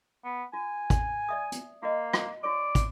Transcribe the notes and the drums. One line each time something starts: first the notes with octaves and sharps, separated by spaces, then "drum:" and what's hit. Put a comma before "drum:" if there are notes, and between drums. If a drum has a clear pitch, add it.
B3
F4 G#5
drum: kick, hi-hat
D5 E5 D#6
drum: hi-hat
A#3 F4 D#5
drum: rim click
F4 C#5 D5 C#6
drum: kick, hi-hat